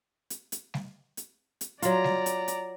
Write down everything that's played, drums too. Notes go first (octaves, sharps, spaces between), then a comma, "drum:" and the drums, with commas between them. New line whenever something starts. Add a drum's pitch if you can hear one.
drum: hi-hat
drum: hi-hat
drum: snare G3
drum: hi-hat
drum: hi-hat
F#3 F4 D5 A#5, drum: hi-hat
drum: snare G3
drum: hi-hat
drum: hi-hat